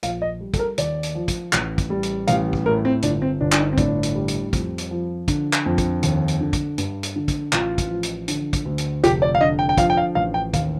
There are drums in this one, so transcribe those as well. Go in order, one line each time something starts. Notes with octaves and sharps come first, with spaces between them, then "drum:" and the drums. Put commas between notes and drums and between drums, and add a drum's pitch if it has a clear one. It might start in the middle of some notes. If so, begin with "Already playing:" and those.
A#1 F5, drum: hi-hat
D#5
G3
A4, drum: kick, hi-hat
A#4
D#2 D5, drum: hi-hat
drum: hi-hat
F3
drum: kick, hi-hat
A1, drum: clap
drum: kick, hi-hat
G3
drum: hi-hat
A1 F5, drum: hi-hat
drum: kick
A2 A#4
C4
G1 D4, drum: hi-hat
C4
G1 D4
D4, drum: clap
D#4
C4
A2 D4, drum: kick, hi-hat
drum: hi-hat
G3
drum: hi-hat
F2, drum: kick, hi-hat
drum: hi-hat
F3
D3, drum: kick, hi-hat
drum: clap
F2
drum: kick, hi-hat
D#2, drum: hi-hat
drum: hi-hat
D3
drum: kick, hi-hat
G2, drum: hi-hat
drum: hi-hat
D3
drum: kick, hi-hat
A1 F4, drum: clap
drum: kick, hi-hat
F3
drum: hi-hat
D3, drum: hi-hat
drum: kick, hi-hat
D2
drum: hi-hat
F1 G4, drum: hi-hat
D5
F5
D3 D#5
G5
G5
F3 F5, drum: kick, hi-hat
G5
F5
A1 F5
G5
D#2 F5, drum: kick, hi-hat